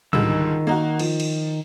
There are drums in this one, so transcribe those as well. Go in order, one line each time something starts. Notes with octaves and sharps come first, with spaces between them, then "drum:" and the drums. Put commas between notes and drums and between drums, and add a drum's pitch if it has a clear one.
C#2 D3 D#3 G3 E6, drum: tom
A#3 D#4 F#4
F3, drum: cymbal
drum: cymbal